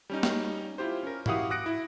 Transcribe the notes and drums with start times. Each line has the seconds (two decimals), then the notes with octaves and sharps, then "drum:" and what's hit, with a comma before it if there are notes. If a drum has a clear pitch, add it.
0.10 G3 C#4 D#4
0.23 drum: snare
0.78 E4 F4 G4 C5
1.03 C#4 A#4
1.26 E4 F#4 G4 F5 F#5 D#6, drum: tom G#2
1.50 D6 D#6 F#6 A#6 C#7 D7
1.66 E4